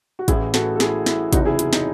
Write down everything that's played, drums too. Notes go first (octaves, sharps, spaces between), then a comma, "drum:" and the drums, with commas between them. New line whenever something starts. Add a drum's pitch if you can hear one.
F#4
A1 A2 E3 E4 G#4, drum: kick, hi-hat
F#4 A4, drum: snare
A4
E4 G#4, drum: snare
E4, drum: snare
F#1 E2 C3 E3 D#4 F#4, drum: kick, hi-hat
E4 G#4
E4, drum: hi-hat
D#4, drum: snare